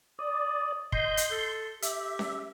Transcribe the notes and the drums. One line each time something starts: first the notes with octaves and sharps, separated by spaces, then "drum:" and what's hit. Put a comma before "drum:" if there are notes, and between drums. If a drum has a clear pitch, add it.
D5 D#6
D#5 C6 G6, drum: kick
drum: hi-hat
A4
G4 E5, drum: hi-hat
drum: snare C#4